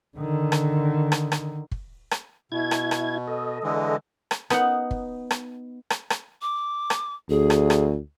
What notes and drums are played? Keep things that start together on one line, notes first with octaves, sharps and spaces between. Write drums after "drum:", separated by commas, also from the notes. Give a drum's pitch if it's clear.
D3 D#3
drum: rim click
drum: rim click
drum: rim click
drum: kick
drum: rim click
B2 E4 G#6
drum: rim click
drum: rim click
A4 D#5
D3 E3 G#3
drum: rim click
B3 D#4 F#5, drum: rim click
drum: kick
drum: rim click
drum: rim click
drum: rim click
D6
drum: rim click
D2 G#4
drum: rim click
drum: rim click